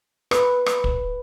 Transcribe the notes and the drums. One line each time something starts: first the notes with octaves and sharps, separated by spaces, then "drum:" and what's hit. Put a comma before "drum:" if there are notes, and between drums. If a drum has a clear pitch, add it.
B4, drum: rim click
drum: rim click
drum: kick